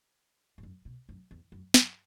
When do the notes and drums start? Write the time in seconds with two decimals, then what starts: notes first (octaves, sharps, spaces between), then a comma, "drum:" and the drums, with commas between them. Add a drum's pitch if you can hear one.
0.58 G#2
0.63 F#2
0.85 B2
1.09 F#2
1.31 E2
1.52 F#2
1.74 F#2, drum: snare